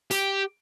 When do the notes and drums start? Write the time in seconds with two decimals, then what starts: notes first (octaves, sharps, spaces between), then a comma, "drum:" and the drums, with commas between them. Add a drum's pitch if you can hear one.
0.11 G4, drum: hi-hat